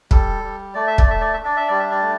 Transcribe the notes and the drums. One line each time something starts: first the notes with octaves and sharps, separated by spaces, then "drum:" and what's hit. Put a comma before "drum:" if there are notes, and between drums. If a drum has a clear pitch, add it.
G3 A4, drum: kick
G3
A3 D5
E5
D5, drum: kick
A3 E5
D5
D4 E5
D5
E5
G3 D5
E5
D5
A3